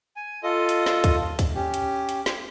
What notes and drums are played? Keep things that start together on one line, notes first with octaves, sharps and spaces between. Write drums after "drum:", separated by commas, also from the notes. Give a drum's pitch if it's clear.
G#5
F4 A4 D#5
drum: hi-hat
drum: snare
drum: kick, hi-hat
drum: kick, hi-hat
C#4 G4
drum: hi-hat
drum: hi-hat
drum: snare